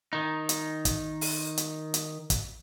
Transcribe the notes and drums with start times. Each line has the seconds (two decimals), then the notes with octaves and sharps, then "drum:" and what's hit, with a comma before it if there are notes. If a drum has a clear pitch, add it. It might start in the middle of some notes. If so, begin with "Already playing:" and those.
0.13 D#3 D#4
0.49 drum: hi-hat
0.85 drum: kick, hi-hat
1.21 drum: open hi-hat
1.57 drum: hi-hat
1.94 drum: hi-hat
2.30 drum: kick, hi-hat